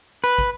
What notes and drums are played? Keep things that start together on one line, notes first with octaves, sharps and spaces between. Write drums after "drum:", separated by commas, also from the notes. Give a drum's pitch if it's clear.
B4, drum: hi-hat
drum: kick, hi-hat